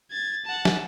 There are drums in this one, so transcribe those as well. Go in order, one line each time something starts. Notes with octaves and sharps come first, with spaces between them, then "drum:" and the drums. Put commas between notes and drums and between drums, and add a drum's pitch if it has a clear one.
G#6 A6
F#5 A5
drum: snare